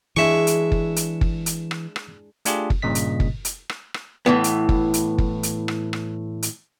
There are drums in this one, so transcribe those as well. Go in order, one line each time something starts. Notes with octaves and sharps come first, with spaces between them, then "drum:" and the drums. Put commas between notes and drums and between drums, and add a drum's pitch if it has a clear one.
E3 G#3 D4 E4 E5 C#6
drum: hi-hat
drum: kick
drum: hi-hat
drum: kick
drum: hi-hat
drum: rim click
drum: rim click
A3 D4 F4 G4 G#4, drum: hi-hat
drum: kick
G2 A#2 C#3 D#5 B6
drum: hi-hat
drum: kick
drum: hi-hat
drum: rim click
drum: rim click
A2 E3 B3
drum: hi-hat
drum: kick
drum: hi-hat
drum: kick
drum: hi-hat
drum: rim click
drum: rim click
drum: hi-hat